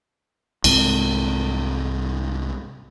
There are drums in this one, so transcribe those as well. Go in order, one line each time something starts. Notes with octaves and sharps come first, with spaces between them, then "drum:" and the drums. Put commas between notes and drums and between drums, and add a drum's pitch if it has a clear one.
C2 G#2 G#3 C4, drum: cymbal